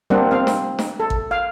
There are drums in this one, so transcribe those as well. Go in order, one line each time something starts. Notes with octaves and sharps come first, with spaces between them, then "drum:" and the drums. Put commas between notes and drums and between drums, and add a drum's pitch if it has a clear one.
G3 A#3 C4 D4 F#5
C4 F5
drum: snare
drum: snare
A4
drum: kick
F5